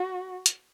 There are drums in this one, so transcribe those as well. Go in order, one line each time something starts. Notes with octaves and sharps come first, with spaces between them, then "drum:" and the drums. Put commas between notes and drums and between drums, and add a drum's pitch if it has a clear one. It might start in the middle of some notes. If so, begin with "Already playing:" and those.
Already playing: F#4
drum: hi-hat